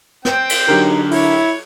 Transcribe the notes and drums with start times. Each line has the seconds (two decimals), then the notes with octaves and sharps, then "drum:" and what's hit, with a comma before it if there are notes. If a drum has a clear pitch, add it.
0.25 C4 G5, drum: snare
0.49 drum: cymbal
0.68 D3 F#3 D#4 G4 A#4
1.11 E4 C#5, drum: open hi-hat